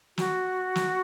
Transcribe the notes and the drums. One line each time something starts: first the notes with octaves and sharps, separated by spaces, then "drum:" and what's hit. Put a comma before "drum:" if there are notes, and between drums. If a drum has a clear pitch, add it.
F#4, drum: snare
drum: snare